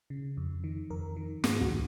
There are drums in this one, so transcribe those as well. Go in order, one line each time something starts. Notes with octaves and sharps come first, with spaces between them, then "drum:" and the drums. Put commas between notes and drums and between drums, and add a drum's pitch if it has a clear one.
C#3
F2
D#3
F2 A#4
D#3
G#2 G#4, drum: snare
F#4, drum: kick
D#3